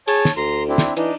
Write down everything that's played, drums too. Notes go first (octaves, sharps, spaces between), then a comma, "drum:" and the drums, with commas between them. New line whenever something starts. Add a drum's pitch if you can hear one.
G#4 C#5 A5, drum: cymbal
drum: snare
D2 A#5 C6
C4 D4 E4
drum: snare
E3 D4 D#4, drum: cymbal